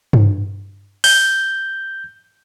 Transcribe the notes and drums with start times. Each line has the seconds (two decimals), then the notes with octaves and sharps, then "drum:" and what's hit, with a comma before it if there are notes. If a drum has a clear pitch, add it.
0.13 drum: tom G2
1.04 G6, drum: open hi-hat